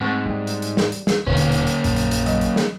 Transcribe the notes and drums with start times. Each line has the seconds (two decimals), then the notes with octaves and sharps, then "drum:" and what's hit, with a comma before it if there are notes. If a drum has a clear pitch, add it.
0.01 G#2 A3 C4 C#6
0.26 G3
0.47 drum: hi-hat
0.62 drum: hi-hat
0.77 drum: snare
0.92 drum: hi-hat
1.07 drum: snare
1.27 D#1 B2 D3 D#3 A#3 C#4
1.37 drum: hi-hat
1.52 drum: hi-hat
1.67 drum: hi-hat
1.84 A#1 F#2, drum: hi-hat
1.96 drum: hi-hat
2.11 drum: hi-hat
2.26 F#3, drum: hi-hat
2.41 drum: hi-hat
2.56 drum: snare